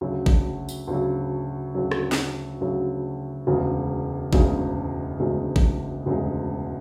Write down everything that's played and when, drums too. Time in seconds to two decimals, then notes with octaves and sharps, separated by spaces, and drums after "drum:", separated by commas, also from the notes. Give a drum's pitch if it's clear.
0.01 D2 C#3 F#3
0.26 drum: kick G#1
0.69 drum: tambourine
0.87 D2 C#3 F#3
1.74 D2 C#3 F#3
1.91 drum: rim click
2.12 drum: snare
2.61 D2 C#3 F#3
3.47 E1 D2 C#3 G#3
4.33 E1 D2 C#3 G#3, drum: kick G#1
5.19 E1 D2 C#3 G#3
5.56 drum: kick G#1
6.06 E1 D2 C#3 G#3